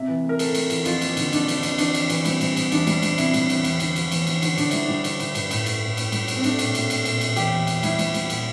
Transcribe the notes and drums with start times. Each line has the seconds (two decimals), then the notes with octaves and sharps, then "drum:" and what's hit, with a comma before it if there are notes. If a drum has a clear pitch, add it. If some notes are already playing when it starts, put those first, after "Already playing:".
Already playing: C3 E5
0.08 E3
0.24 A3 A#4
0.39 A3 A4, drum: cymbal
0.54 A3, drum: cymbal
0.70 E3, drum: cymbal
0.85 F2 F4, drum: cymbal
1.01 A#3, drum: cymbal
1.17 D3, drum: cymbal
1.33 F2 D4, drum: cymbal
1.48 D3, drum: cymbal
1.63 F2, drum: cymbal
1.78 E3 D4, drum: cymbal
1.94 E3, drum: cymbal
2.09 E3, drum: cymbal
2.25 G3 C4, drum: cymbal
2.41 G3, drum: cymbal
2.57 G3, drum: cymbal
2.72 E2 D4, drum: cymbal
2.87 G3, drum: cymbal
3.03 G3, drum: cymbal
3.18 C3 E4, drum: cymbal
3.34 G3, drum: cymbal
3.49 E2, drum: cymbal
3.64 E2, drum: cymbal
3.80 D3, drum: cymbal
3.96 F3, drum: cymbal
4.12 E2, drum: cymbal
4.27 E2, drum: cymbal
4.42 D3, drum: cymbal
4.58 D3 D4, drum: cymbal
4.71 G3 E4, drum: cymbal
4.86 G3 D4
5.04 D3, drum: cymbal
5.20 D3, drum: cymbal
5.35 G2, drum: cymbal
5.51 A2, drum: cymbal
5.66 A2, drum: cymbal
5.82 A2
5.97 A2, drum: cymbal
6.12 G3, drum: cymbal
6.28 A2, drum: cymbal
6.36 C4
6.44 A3 D4, drum: cymbal
6.59 A#2, drum: cymbal
6.75 A3, drum: cymbal
6.90 A3, drum: cymbal
7.05 A#2, drum: cymbal
7.21 A#2, drum: cymbal
7.36 E2 G4, drum: cymbal
7.52 E2
7.67 E2, drum: cymbal
7.83 G3 E4, drum: cymbal
7.99 G3, drum: cymbal
8.14 G3, drum: cymbal
8.30 A#2, drum: cymbal